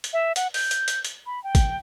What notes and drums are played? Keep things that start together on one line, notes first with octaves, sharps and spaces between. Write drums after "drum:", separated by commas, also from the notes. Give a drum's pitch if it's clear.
drum: hi-hat
E5
F#5, drum: hi-hat
G6, drum: open hi-hat
drum: hi-hat
drum: hi-hat
drum: hi-hat
B5
G5
drum: kick, hi-hat